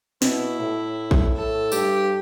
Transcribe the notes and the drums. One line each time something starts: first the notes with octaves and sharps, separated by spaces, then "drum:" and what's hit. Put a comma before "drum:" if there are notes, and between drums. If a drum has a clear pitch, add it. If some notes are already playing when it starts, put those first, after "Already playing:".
B2 E4, drum: snare
A2
drum: kick A#1
A4
G2 G4, drum: tambourine